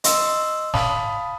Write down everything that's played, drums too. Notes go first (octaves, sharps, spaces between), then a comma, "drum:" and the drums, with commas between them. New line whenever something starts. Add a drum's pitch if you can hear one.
D#5 C6 E6, drum: hi-hat
F5 A5 B5 D#6, drum: snare